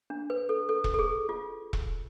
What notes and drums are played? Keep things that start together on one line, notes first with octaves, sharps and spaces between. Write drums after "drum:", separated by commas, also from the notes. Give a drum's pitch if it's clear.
D4
B4
A4
A4
drum: kick E1
A4
G#4
F4
drum: kick E1